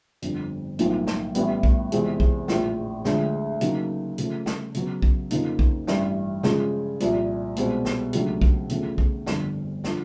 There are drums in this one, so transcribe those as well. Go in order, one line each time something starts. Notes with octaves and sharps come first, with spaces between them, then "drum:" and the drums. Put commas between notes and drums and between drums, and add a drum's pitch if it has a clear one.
G1 F2 D3, drum: hi-hat
B1 A2 F3 A#3 D#4, drum: hi-hat
drum: snare
A1 A2 E3 G3 B3, drum: hi-hat
drum: kick
E2 C3 E3 G#3 C4, drum: hi-hat
drum: kick
A#1 A2 F3, drum: snare
D2 D3 F3 G#3, drum: snare
C#3 F#3 A#3 D#4, drum: hi-hat
C#3 F3 A3, drum: hi-hat
drum: snare
C#3 F#3 B3, drum: hi-hat
drum: kick
F2 C#3 F3 A#3 D#4, drum: hi-hat
drum: kick
A1 G2 E3, drum: snare
C#3 F3 G#3, drum: snare
C2 A#2 F3, drum: hi-hat
C2 B2 G#3 C4, drum: hi-hat
drum: snare
C#2 C#3 F#3 A3 D4, drum: hi-hat
drum: kick
E2 C#3 F3 A3, drum: hi-hat
drum: kick
G1 F2 D3, drum: snare
D3 F3, drum: snare